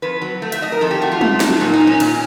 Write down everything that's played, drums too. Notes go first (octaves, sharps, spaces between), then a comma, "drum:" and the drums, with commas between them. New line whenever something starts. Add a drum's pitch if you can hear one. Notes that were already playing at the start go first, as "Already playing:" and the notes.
F2 B4
F#3
A3
E5, drum: hi-hat
F2 D#5
A#4
F2 A4
G4
A3 F#4
F4
A3, drum: tom
F#3, drum: snare
A#2 D#4
D#4
A#2
C#4
A#2, drum: cymbal